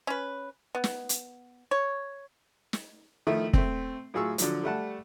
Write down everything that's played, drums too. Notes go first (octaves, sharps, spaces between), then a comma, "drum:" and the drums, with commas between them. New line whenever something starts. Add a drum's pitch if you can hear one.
C#4 B4
B3
drum: snare
drum: hi-hat
C#5
drum: snare
D#3 F3 A3 E4
A3 C4, drum: kick
A2 F#3 F4 G#4 C#6 E6
D3 F3 F#3, drum: hi-hat
G3 A3 F#5 A5